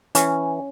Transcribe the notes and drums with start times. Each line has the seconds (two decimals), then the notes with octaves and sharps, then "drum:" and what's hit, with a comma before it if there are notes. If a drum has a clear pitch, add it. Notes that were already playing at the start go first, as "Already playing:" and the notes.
0.15 E3 C#4, drum: hi-hat